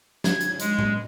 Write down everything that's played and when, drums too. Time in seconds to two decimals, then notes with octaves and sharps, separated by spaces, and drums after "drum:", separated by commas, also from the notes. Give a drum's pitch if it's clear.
0.24 G#6, drum: snare
0.41 drum: hi-hat
0.60 G#3, drum: hi-hat
0.79 drum: tom A2